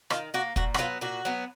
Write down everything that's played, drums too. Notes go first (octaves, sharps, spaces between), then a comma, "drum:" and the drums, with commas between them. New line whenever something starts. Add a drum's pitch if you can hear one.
D#3 F4, drum: rim click
A#3 F#4
A#2 F#4, drum: kick
F#4, drum: rim click
F#3 B3 F4
A#2 F#4
F#3 B3